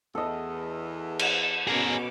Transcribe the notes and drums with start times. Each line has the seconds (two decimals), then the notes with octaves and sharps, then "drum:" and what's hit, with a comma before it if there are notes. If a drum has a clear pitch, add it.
0.15 E2 A4 D#5
1.19 drum: cymbal
1.68 B2 C#4 G#4 A#4 D6